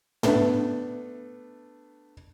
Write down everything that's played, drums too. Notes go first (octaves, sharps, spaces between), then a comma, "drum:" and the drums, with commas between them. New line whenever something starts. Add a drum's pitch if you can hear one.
A3 B3 D4, drum: tom